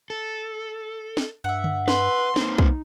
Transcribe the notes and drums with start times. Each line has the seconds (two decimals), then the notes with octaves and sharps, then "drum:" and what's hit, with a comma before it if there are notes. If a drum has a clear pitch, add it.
0.10 A4
1.17 drum: snare
1.44 G2 E5 F#5
1.64 drum: tom D3
1.88 B4 C6, drum: snare
2.36 A#3 C4 D#4, drum: snare
2.58 drum: kick